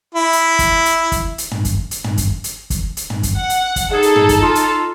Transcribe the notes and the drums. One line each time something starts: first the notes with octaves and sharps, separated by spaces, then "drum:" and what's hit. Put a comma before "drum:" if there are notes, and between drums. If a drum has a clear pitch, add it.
E4
drum: hi-hat
drum: kick, hi-hat
drum: hi-hat
drum: kick, hi-hat
drum: hi-hat
drum: tom
drum: kick, hi-hat
drum: hi-hat
drum: tom
drum: kick, hi-hat
drum: hi-hat
drum: kick, hi-hat
drum: hi-hat
drum: tom
drum: kick, hi-hat
F#5
drum: hi-hat
drum: kick, hi-hat
D#4 G#4 A4
drum: hi-hat
drum: tom
drum: kick, hi-hat
F4
drum: hi-hat